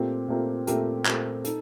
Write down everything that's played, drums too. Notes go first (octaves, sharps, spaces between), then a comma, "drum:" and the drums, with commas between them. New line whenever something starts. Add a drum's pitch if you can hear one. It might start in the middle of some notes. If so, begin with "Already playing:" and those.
Already playing: A#2 A3 C4 G4 A#4
A#2 A3 C4 G4 A#4
A#2 A3 C4 G4 A#4, drum: hi-hat
A#2 A3 C4 G4 A#4, drum: clap
D#4 A4, drum: hi-hat